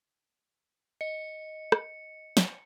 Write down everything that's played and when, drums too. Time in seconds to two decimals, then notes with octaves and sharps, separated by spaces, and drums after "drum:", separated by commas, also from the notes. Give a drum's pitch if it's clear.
1.01 D#5 C#7
1.72 drum: rim click
2.37 drum: snare